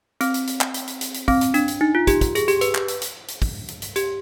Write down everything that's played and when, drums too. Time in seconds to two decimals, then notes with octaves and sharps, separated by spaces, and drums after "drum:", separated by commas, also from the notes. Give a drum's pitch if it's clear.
0.21 C4, drum: hi-hat
0.34 drum: hi-hat
0.47 drum: hi-hat
0.61 drum: clap
0.74 drum: hi-hat
0.88 drum: hi-hat
1.01 drum: hi-hat
1.14 drum: hi-hat
1.28 C4, drum: kick, open hi-hat
1.41 drum: hi-hat
1.54 D4, drum: hi-hat
1.68 drum: hi-hat
1.81 D#4
1.95 F4
2.07 G4, drum: kick, hi-hat
2.21 drum: kick, hi-hat
2.35 G#4, drum: hi-hat
2.48 G4, drum: hi-hat
2.61 B4, drum: hi-hat
2.75 drum: clap
2.88 drum: hi-hat
3.02 drum: hi-hat
3.28 drum: hi-hat
3.42 drum: kick, open hi-hat
3.68 drum: hi-hat
3.82 drum: hi-hat
3.96 G4, drum: hi-hat